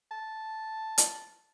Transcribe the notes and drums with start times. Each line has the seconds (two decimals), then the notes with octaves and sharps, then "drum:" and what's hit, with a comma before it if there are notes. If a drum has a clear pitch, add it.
0.11 A5
0.98 drum: hi-hat